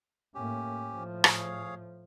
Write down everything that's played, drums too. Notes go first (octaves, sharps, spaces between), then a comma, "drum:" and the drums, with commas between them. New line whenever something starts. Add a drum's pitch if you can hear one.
A2 A#3 C#4 G4
A2 F3
G#4 C#5 F5, drum: rim click